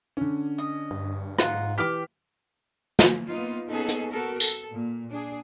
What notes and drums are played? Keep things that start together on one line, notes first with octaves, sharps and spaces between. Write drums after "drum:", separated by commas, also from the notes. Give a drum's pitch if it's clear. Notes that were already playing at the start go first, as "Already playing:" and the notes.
D3 C#4
D#5
G2
G#2 D#4 F4 F#5, drum: rim click
E3 G4 D6 F6 B6
drum: snare
A#3 B3 D#4 F4
A#3 B3 C#4 D#4 G#4 A4
drum: hi-hat
B3 F#4 A4 A#4
A4, drum: tambourine
A#2
D4 G#4